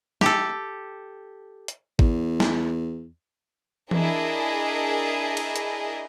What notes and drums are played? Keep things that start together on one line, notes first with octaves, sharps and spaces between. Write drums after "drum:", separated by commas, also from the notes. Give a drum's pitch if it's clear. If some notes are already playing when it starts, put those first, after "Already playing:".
G4 A4, drum: snare
drum: hi-hat
E2, drum: kick
drum: snare
D4 E4 G#4 A#4 D#5 G#5, drum: tom E3
drum: cymbal
drum: hi-hat